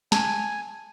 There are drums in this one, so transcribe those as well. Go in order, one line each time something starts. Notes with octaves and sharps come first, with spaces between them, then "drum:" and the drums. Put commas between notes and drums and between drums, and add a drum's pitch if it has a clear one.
G#5 A5, drum: snare